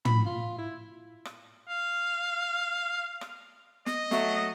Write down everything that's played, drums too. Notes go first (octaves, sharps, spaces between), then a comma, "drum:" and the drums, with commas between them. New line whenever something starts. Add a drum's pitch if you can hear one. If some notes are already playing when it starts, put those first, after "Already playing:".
B5, drum: tom
F4
E4
drum: rim click
F5
drum: rim click
D#5, drum: snare
F#3 A3, drum: snare